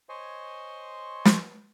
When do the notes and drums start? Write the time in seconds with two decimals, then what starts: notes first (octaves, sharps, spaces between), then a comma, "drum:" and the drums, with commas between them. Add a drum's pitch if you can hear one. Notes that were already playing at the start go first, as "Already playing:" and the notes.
0.09 C5 C#5 D#5 G#5 C6 C#6
1.25 drum: snare